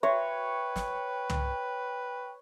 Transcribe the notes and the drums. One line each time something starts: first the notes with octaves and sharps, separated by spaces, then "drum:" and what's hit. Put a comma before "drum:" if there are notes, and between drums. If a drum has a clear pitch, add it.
F#4 B4 C#5 E5 G5
drum: snare
drum: tom